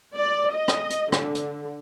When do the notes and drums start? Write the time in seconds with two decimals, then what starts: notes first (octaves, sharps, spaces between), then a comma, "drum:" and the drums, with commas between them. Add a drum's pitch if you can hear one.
0.17 D5
0.53 D#5
0.68 drum: rim click
0.90 drum: hi-hat
1.12 D3, drum: rim click
1.35 drum: hi-hat